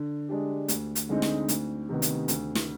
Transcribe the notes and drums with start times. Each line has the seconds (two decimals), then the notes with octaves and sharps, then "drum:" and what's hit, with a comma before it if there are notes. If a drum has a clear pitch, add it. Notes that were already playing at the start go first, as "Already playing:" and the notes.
Already playing: D3
0.29 G#3 D4 G4
0.68 D2, drum: hi-hat
0.95 drum: hi-hat
1.09 D3 G#3 C4 D#4
1.22 drum: snare
1.48 D2, drum: hi-hat
1.89 C3 D#3 B3
2.02 drum: hi-hat
2.28 D2, drum: hi-hat
2.55 drum: snare